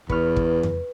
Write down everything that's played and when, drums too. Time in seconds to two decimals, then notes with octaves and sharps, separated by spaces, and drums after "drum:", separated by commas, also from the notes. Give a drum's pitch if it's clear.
0.09 E2 B4 C#6 F6, drum: kick
0.36 drum: kick
0.63 drum: tom F2